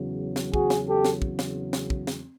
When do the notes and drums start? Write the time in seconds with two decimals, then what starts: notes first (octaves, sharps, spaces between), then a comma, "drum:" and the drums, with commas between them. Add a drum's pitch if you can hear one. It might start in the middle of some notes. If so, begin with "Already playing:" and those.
Already playing: E2 C#3 F#3
0.36 drum: snare
0.54 F#4 G#4, drum: kick
0.70 drum: snare
0.88 G4 A4
1.05 drum: snare
1.22 drum: kick
1.39 drum: snare
1.73 drum: snare
1.90 drum: kick
2.07 drum: snare